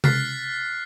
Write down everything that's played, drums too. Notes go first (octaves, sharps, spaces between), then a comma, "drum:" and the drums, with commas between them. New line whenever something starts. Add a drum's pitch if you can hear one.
F6 F#6 A6 B6 C7, drum: tom C3